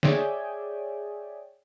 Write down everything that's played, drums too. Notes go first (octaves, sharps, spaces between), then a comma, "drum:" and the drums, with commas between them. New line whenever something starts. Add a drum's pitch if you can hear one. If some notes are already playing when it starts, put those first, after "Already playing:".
G#4 C#5 D5 E5 G5 G#5, drum: snare